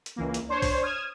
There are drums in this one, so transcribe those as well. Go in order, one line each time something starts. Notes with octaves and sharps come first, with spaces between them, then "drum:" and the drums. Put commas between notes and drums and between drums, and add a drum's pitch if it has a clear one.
drum: hi-hat
C#2 E3 A#3
drum: hi-hat
D4 C5 C#5
drum: kick, open hi-hat
D#6 F6 G#6 D#7 E7